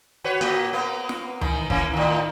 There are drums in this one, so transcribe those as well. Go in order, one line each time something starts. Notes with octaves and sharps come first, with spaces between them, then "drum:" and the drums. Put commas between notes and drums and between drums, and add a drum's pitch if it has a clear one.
F#4 B4 C#5
A#2 A#3 F#4, drum: hi-hat
A#3 B3
drum: snare
D#3 E3, drum: tom C#2
E3 A#3 C#4, drum: kick
A2 D#3